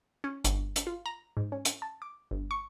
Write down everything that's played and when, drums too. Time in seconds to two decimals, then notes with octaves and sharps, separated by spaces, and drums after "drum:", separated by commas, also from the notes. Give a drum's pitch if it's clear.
0.24 C#4
0.44 G1, drum: hi-hat
0.76 drum: hi-hat
0.87 F4
1.06 A#5
1.37 G#2
1.52 C#4
1.65 drum: hi-hat
1.82 A5
2.02 D6
2.31 G1
2.51 C#6